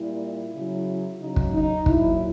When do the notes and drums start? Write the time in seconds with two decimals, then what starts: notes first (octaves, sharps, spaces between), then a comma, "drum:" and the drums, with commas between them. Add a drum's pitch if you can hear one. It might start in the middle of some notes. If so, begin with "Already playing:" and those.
Already playing: A#2 G3 E4
0.53 C#3 F#3
1.20 C#3 F#3 D#4
1.36 drum: kick
1.53 D#4
1.86 A#2 F#3 E4, drum: kick